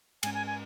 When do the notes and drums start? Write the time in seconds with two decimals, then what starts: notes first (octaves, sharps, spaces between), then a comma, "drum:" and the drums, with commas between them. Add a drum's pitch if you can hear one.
0.23 G#2 G#3 C#4 G#5, drum: cymbal
0.34 G#5
0.47 G#5